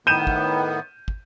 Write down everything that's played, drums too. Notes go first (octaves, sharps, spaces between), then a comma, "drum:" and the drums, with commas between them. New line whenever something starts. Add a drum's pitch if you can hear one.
A2 D#3 B3 G6 D#7 E7
drum: kick
drum: kick